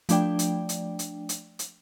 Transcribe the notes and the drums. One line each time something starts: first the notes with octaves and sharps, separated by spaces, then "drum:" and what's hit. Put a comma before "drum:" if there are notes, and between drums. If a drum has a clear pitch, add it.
F3 A3 D4 D5 G5, drum: hi-hat
drum: hi-hat
drum: hi-hat
drum: hi-hat
drum: hi-hat
drum: hi-hat